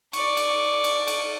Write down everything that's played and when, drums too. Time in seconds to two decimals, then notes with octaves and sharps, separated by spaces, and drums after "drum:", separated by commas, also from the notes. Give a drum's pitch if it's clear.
0.13 D5 C#6, drum: cymbal
0.37 drum: cymbal
0.84 drum: cymbal
1.07 drum: cymbal